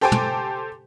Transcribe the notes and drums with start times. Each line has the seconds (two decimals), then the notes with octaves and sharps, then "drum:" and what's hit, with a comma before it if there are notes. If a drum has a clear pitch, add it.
0.01 G4 A4 C5 G5 G#5 D6
0.12 drum: tom